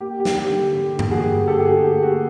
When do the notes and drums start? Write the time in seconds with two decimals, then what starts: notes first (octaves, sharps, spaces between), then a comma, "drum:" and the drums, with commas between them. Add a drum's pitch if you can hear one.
0.01 A#3 G4
0.20 G4
0.25 G3, drum: snare
0.38 G4
0.49 D3
0.74 D3
0.99 A#3, drum: tom G2
1.11 F#4 G#4
1.23 G3
1.47 D3 G4 A4
1.59 G4
1.65 F#4 G#4
1.71 D3
1.83 G4
1.96 A#3
2.03 F#4